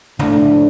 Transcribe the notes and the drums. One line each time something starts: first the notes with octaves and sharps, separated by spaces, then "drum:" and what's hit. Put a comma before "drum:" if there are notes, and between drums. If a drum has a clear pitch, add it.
A2 F3 A3 D4, drum: tom